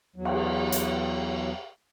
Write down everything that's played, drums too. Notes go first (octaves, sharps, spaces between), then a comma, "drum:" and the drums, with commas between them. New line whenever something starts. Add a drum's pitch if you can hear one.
E2 F#3
drum: cymbal
drum: hi-hat